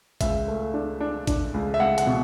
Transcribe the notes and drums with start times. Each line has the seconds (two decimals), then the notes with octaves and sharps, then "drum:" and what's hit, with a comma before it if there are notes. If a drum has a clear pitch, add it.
0.21 C#2 E5, drum: kick A1, hi-hat
0.48 A3
0.74 D4
1.00 D4
1.27 D4, drum: kick A1, hi-hat
1.54 C#2
1.74 E5
1.79 C#2 F#5
1.98 F#5, drum: hi-hat
2.06 B2